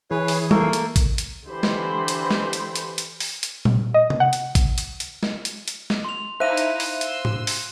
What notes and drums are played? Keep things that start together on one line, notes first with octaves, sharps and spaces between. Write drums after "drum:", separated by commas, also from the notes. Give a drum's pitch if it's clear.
E3 G#4 B4 C#5
drum: open hi-hat
A3 A#3 A#4, drum: tom G3
drum: hi-hat
drum: kick A1, hi-hat
drum: hi-hat
D3 E3 G4 C5 B5 C6
drum: snare
drum: hi-hat
drum: snare
drum: hi-hat
drum: hi-hat
drum: hi-hat
drum: open hi-hat
drum: hi-hat
drum: tom A#2
D#5
drum: tom C3
F#5
drum: hi-hat
drum: kick A1, hi-hat
drum: hi-hat
drum: hi-hat
drum: snare
drum: hi-hat
drum: hi-hat
drum: snare
C6 F7
D#4 E4 C5 E5 F5 F#6 A#6 D#7
drum: hi-hat
drum: open hi-hat
C6 E6, drum: hi-hat
drum: tom G#2
drum: open hi-hat